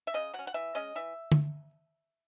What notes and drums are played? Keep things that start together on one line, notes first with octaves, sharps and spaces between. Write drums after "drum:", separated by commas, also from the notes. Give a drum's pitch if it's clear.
E5
C#3 D#5
F#3 F#5
C#4
F#5
E3 E5
G#3 C#4 D#5
E3 E5
drum: tom D3